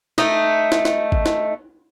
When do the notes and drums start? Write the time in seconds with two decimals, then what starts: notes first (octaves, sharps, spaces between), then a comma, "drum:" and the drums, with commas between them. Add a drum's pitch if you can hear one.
0.18 A3 D#4 D#5, drum: snare
0.72 drum: snare
0.85 drum: snare
1.12 drum: kick
1.26 drum: snare